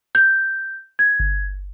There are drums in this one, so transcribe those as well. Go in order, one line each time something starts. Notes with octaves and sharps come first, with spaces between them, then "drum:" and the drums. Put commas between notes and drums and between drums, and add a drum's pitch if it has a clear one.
G6
G#6
drum: kick G1